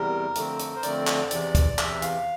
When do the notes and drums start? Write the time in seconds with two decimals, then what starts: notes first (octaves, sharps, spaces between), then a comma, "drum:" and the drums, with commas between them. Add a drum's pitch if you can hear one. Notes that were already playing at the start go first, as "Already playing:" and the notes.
Already playing: E2 C3 G3 A#4
0.35 F2 D3 A3 C4, drum: hi-hat
0.59 drum: hi-hat
0.76 C5
0.83 F2 D3 A3 C4 D5, drum: hi-hat
1.07 drum: clap
1.31 E2 C3 E3, drum: hi-hat
1.55 drum: kick, hi-hat
1.79 E2 C3 E3 E5, drum: clap
2.02 F5, drum: hi-hat